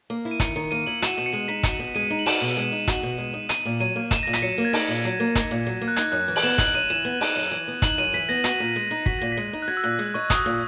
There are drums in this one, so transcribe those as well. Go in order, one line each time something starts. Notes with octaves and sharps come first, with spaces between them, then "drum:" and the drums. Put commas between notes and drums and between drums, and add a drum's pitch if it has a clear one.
A#3
E4
D#7
D#3 C#7, drum: kick, hi-hat
D#3 C#7
A#3 D#7
E4 F#7
F#4 E7, drum: hi-hat
B2 E7
C#7
G#3 D#7
D#4 B6
F#4 C#7, drum: kick, hi-hat
B2
G#3 D#7
D#4
F#7
F#4 E7, drum: open hi-hat
B2
G#3
D#4
F#4, drum: kick, hi-hat
B2
G#3
D#4
D#4 D#7, drum: hi-hat
A#2
F#3 D#7
A#3
D#4 E7, drum: kick, hi-hat
A#2 A#6
B6, drum: hi-hat
F#3 C#7
A#3
G#6
D#4 A#6, drum: open hi-hat
A#2
F#3
A#3
D#4, drum: kick, hi-hat
A#2
F#3
A#3
F#6
D#4 G#6, drum: hi-hat
F#2 F#6
E3
F#7, drum: open hi-hat
B3 E7
D#4 F#7, drum: kick, hi-hat
F#2 D#7
E3 E7
B3 F#7
D#4, drum: open hi-hat
F#2
E3
B3
D#4 F#7, drum: kick, hi-hat
F#2 D#7
E3 B6
B3 A#6
F#4, drum: hi-hat
A#2
G#3
D#4
F#4 B6, drum: kick
A#2 A#6
B6
G#3
D#4
F#6
F#4 G#6
E6
A#2 F#6
G#3
D#4 C#6
F#4 D#6, drum: kick, hi-hat
A#2